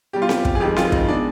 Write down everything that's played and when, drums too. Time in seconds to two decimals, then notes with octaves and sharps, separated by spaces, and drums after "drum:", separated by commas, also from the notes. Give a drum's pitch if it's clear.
0.13 B2 G3 G4
0.22 F4
0.29 G4, drum: snare C4
0.45 drum: kick
0.55 G#4
0.60 F2 D#3 G#3 G4
0.76 F4, drum: snare C4
0.92 D#4, drum: kick
1.08 B2 G#3 D4